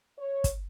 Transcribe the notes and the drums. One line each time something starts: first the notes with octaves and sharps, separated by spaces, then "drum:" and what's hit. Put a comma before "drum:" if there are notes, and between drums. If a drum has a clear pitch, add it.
C#5
drum: kick, hi-hat